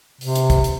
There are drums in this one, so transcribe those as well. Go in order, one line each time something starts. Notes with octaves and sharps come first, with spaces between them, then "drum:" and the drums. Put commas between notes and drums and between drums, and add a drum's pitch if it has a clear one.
C3, drum: open hi-hat
drum: hi-hat
drum: kick, hi-hat
drum: hi-hat